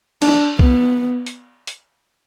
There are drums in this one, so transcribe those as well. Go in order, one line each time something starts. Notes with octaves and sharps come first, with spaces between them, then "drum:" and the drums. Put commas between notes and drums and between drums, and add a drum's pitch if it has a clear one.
D4, drum: cymbal
B3, drum: kick C2
drum: hi-hat
drum: hi-hat